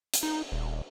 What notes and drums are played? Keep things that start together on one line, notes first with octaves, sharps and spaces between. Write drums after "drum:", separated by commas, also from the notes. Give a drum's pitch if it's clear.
drum: hi-hat
D#4
D#1